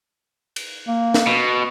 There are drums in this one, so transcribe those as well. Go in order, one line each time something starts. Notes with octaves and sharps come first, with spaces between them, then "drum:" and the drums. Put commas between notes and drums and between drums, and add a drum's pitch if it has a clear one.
drum: cymbal
A#3
drum: snare
B2